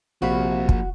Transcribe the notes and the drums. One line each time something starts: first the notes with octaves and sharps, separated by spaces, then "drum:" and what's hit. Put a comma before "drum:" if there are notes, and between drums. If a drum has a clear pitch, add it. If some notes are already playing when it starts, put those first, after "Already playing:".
A#1 C3 F3 A#3 F#4 F5 B5
drum: kick